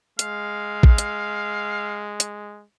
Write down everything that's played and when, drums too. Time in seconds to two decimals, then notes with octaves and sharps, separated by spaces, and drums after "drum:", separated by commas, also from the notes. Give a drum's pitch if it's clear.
0.19 G#3 F5, drum: hi-hat
0.83 drum: kick
0.98 drum: hi-hat
2.20 drum: hi-hat